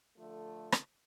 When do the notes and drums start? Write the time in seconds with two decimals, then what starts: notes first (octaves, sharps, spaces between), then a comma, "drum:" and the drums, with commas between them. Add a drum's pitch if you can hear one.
0.18 D3 F3 A3
0.72 drum: rim click